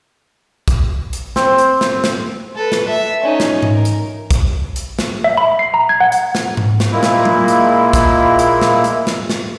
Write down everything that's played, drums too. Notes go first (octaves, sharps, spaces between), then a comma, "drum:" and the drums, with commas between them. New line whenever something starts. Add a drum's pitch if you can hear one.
drum: kick, hi-hat
drum: hi-hat
C4, drum: snare
drum: hi-hat
drum: snare
drum: snare
A4 B4
drum: snare
E5
C#4 D#4
drum: snare
drum: tom G#2
A#4
drum: hi-hat
drum: kick, hi-hat
drum: hi-hat
drum: snare
E5
B5
C7
A#5
G#6
F#5
drum: hi-hat
drum: snare
drum: tom G#2
drum: snare
A#2 G#3 A#3 E4
drum: snare
drum: tom F#3
drum: hi-hat
drum: kick, hi-hat
drum: hi-hat
drum: snare
drum: hi-hat
drum: snare
drum: snare